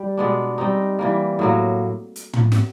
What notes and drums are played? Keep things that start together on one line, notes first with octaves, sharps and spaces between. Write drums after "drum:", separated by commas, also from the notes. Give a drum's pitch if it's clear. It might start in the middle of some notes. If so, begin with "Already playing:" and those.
Already playing: G3
B2 G#3 B3 D4
G3 C4 D#4
E3 G3 A#3
A2 F#3 A#3
drum: hi-hat
drum: tom
drum: snare